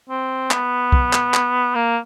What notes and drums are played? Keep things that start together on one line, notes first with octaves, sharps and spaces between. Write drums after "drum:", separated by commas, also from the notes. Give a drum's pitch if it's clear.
C4
B3, drum: clap
drum: kick
drum: clap
drum: clap
A#3